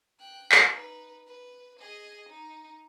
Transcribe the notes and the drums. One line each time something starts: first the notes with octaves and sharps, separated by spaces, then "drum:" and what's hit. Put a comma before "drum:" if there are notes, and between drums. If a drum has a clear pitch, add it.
G5 F#6
drum: clap
D#4 B4
B4
G#4 D#5
D#4